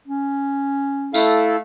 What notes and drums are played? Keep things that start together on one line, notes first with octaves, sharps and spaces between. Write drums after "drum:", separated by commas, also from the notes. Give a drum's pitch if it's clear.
C#4
A3 E4 A4 F5, drum: tambourine